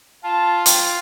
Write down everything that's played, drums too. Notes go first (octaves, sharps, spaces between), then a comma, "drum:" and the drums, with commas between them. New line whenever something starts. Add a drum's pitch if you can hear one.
F4 A5
G5, drum: hi-hat